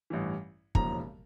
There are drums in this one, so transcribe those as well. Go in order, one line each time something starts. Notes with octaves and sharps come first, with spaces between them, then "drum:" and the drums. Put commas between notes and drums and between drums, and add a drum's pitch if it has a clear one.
A1 G2 E3
E1 D#2 C#3 F3 A#5, drum: kick